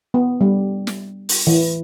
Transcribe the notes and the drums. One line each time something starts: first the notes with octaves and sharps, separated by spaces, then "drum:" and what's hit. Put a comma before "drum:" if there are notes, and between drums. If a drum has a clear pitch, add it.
B3
G3
drum: snare
drum: open hi-hat
E3